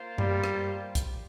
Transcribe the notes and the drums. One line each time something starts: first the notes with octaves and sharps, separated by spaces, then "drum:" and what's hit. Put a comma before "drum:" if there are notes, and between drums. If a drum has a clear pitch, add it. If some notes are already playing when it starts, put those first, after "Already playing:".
Already playing: A#3 F4 C5
G3, drum: tom F#2
drum: rim click
drum: kick C2, hi-hat